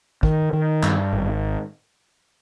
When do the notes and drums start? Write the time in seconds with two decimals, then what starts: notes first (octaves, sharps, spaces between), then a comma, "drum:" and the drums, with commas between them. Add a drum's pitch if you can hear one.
0.23 D#3, drum: kick
0.53 D#3
0.83 G2, drum: clap
1.13 G#1